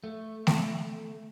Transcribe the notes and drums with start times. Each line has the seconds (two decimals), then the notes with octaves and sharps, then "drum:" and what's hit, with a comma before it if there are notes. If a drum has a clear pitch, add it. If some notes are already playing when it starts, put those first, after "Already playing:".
0.04 A3
0.47 drum: snare A3